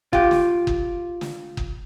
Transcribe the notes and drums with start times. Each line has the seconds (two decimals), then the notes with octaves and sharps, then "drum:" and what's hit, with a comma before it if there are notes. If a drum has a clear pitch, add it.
0.13 F4 G4, drum: kick F#1
0.31 drum: snare
0.67 drum: kick F#1
1.21 drum: snare
1.57 drum: kick F#1